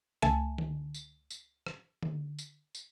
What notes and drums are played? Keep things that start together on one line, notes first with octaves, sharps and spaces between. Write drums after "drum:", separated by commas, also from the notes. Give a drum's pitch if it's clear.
C#2 A3 E5 G#5 A5, drum: rim click
drum: tom D3
drum: tambourine
drum: tambourine
drum: rim click
drum: tom D3
drum: tambourine
drum: tambourine